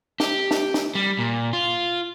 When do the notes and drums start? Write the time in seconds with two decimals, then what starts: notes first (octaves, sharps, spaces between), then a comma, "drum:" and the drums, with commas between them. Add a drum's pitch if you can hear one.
0.20 G4, drum: snare
0.51 drum: snare
0.74 drum: snare
0.95 G3
1.19 A#2
1.53 F4